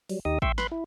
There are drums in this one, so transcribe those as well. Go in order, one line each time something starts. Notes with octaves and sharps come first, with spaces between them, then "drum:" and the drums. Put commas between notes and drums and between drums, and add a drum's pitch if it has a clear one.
F#3 G3, drum: open hi-hat
D#2 D#4 G4 D#5 D#6
E5 G5 C6 C#6 E6, drum: kick A1
B4 B5 C6 F#6, drum: snare
E4